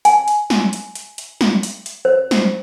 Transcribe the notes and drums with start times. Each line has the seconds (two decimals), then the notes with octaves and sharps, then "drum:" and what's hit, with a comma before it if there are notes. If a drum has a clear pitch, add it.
0.05 G#5, drum: hi-hat
0.28 drum: hi-hat
0.50 drum: snare
0.73 drum: hi-hat
0.95 drum: hi-hat
1.18 drum: hi-hat
1.41 drum: snare
1.63 drum: hi-hat
1.86 drum: hi-hat
2.05 C5
2.31 drum: snare